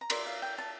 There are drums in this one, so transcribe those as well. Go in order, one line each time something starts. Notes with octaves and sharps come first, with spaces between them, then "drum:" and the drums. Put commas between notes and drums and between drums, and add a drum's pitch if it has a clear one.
A#5
E4 A#4 D5 C6, drum: cymbal
F5
G5
A5